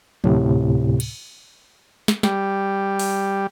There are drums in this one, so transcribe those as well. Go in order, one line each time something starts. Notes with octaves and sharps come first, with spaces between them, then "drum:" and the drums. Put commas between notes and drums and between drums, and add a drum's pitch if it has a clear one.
D2 A2 C3, drum: tom F3
drum: cymbal
drum: snare
G3, drum: snare
drum: open hi-hat